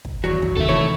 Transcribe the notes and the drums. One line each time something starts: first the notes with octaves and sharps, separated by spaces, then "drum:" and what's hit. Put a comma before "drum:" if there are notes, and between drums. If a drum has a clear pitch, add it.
drum: kick
E1 E2 G2 D#3 F#3 F#4
F#2, drum: kick
D#2 C3 D#3 A4 E5
E3 E4 C#5
E3 A3